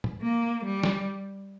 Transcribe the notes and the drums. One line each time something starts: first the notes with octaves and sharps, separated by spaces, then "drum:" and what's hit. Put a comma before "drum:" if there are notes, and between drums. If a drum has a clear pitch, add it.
drum: tom
A#3
G3
drum: snare